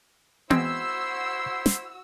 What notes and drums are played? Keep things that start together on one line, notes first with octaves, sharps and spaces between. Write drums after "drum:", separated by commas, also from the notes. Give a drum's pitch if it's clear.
G#3 C4 E4 F#4 C5 E6, drum: tom B3
drum: snare